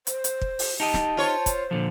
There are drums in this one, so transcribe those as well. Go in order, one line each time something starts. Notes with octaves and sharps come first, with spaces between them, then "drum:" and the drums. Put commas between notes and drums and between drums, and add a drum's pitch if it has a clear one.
C5, drum: hi-hat
drum: hi-hat
drum: kick
drum: open hi-hat
D#4 G4 D#5 A5
drum: snare
F4 C5 C#5
drum: kick, hi-hat
A#2 D3 F3